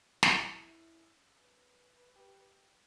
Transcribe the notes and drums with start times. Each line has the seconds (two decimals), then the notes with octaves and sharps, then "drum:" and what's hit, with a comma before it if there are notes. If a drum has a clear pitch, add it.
0.23 F#2 E4, drum: snare
1.38 B4
2.16 G4